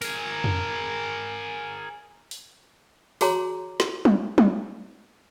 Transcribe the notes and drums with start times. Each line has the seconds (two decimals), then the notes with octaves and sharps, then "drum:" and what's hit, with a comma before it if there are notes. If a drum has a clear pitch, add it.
0.02 G#4 A#4, drum: open hi-hat
0.44 drum: tom F2
2.31 drum: open hi-hat
3.21 F#4 G#4 C#5 A#5 C6, drum: open hi-hat
3.80 drum: snare
4.05 drum: tom F#3
4.38 drum: tom F#3